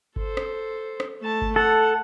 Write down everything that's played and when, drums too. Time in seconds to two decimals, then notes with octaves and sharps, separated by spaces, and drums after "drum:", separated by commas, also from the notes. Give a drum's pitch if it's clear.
0.16 A4 C5, drum: kick G1
0.37 drum: rim click
1.00 drum: rim click
1.20 A3 A5
1.42 drum: kick G1
1.56 A4 F#5